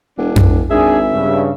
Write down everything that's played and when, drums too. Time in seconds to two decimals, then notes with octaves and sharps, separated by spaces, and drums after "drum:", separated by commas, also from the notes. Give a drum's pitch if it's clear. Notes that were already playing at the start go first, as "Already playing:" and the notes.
0.18 E1 D4
0.36 drum: tom F2
0.70 G#1 D4 G#4 E5
1.13 G2 C#3